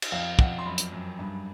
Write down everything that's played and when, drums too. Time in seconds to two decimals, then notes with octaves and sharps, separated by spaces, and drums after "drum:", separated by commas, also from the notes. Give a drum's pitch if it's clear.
0.02 drum: cymbal
0.12 F2 F5
0.39 F2 F#5, drum: kick
0.59 C6
0.66 F#2 B5
0.78 drum: hi-hat
0.92 F#2
1.19 G2